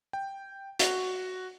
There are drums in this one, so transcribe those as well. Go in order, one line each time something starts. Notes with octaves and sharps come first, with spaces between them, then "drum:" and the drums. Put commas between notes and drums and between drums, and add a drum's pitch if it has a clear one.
G5
F#4, drum: hi-hat